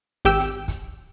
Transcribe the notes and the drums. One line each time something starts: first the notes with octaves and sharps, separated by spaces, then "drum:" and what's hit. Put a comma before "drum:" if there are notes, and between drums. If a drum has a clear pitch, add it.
G#1 G4 G5 E6
drum: hi-hat
drum: kick, hi-hat